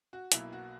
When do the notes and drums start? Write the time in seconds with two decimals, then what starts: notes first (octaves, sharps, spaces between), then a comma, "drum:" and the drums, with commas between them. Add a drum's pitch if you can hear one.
0.13 F#4
0.32 B1 B2 A#3 E4, drum: hi-hat
0.53 F#4